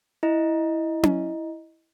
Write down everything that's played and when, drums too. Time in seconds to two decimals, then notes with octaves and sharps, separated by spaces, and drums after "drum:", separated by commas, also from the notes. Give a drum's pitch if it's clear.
0.23 E4 D#5
1.03 drum: tom C#4